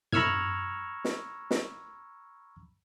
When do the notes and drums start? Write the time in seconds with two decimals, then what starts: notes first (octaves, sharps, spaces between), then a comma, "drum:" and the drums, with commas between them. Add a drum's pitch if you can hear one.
0.12 A#5 B5 C#6 E6 F6 G#6, drum: tom
1.05 drum: snare
1.51 drum: snare